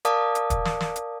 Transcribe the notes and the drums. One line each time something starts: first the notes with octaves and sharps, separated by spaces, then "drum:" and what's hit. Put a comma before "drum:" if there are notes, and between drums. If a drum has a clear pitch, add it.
A#4 D5 F5 A5 D6 D#6, drum: hi-hat
drum: hi-hat
drum: kick, hi-hat
drum: snare
drum: snare
drum: hi-hat